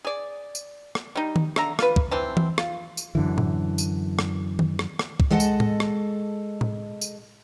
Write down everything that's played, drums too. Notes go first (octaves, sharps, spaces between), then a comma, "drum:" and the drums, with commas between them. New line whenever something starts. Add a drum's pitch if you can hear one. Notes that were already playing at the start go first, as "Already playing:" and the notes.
G#4 D5
drum: tambourine
drum: rim click
G3 D#4
drum: tom D#3
D3 E5 A#5, drum: rim click
F4 B4, drum: rim click
drum: kick
E3 C4 A5
drum: tom E3
F4, drum: rim click
drum: tambourine
F#2 D3 E3
drum: tom A2
drum: tambourine
drum: rim click
drum: tom D#3
drum: rim click
drum: rim click
drum: kick
G#3 A4 D#5 F#5 A5
drum: tambourine
drum: tom A2
drum: rim click
drum: tom A2
drum: tambourine